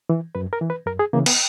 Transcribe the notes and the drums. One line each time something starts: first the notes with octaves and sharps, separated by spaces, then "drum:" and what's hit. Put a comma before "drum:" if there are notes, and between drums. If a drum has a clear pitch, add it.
E3
F#2 B4
A#4
E3
B4
F#2 A#4
G#4
C#3 E3 A#3
B3, drum: cymbal